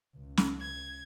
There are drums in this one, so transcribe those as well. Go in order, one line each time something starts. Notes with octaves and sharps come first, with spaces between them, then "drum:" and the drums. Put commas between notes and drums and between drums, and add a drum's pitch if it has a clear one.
C#2
drum: snare
G#6